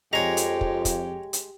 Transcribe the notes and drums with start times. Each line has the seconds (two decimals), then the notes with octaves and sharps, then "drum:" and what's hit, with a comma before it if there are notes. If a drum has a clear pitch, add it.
0.13 F2 G#3 G4 C#5 A#5
0.37 drum: hi-hat
0.61 drum: kick
0.85 drum: kick, hi-hat
1.33 drum: hi-hat